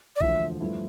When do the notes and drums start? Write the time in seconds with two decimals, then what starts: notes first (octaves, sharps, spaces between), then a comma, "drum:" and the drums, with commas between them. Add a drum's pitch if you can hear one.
0.16 D5
0.21 E1 D2 D3 F3 E5, drum: kick
0.60 G2 F3 A3 E4